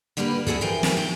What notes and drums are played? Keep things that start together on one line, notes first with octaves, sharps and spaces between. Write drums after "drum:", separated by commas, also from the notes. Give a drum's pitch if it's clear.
D3 G3 A#3 G4 A#4 B4
C4 E4 F#4 G#4 A4, drum: kick
E3 F3 A#4 C5 G5 G#5
drum: snare
G5